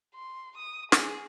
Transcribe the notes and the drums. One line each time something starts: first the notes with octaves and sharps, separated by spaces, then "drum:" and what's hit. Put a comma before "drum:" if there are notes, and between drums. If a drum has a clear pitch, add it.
C6
D#6
G#4, drum: snare